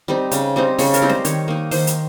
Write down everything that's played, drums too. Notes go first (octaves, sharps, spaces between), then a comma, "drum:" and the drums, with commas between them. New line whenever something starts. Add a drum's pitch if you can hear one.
G3 C4 D#4
C#3, drum: hi-hat
G3 C4 D#4
C#3 C#5, drum: open hi-hat
A#4, drum: hi-hat
G3 C4 D#4
C5, drum: snare
D#3 C#5, drum: hi-hat
A#3 D#4
D#3 C5, drum: open hi-hat
drum: hi-hat